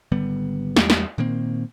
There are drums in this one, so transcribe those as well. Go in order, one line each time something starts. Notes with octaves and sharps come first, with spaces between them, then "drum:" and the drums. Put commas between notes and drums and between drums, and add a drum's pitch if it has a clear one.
G#1 D3 G3 B3
E2 G3, drum: snare
drum: snare
A#2 D#3 A#3 C4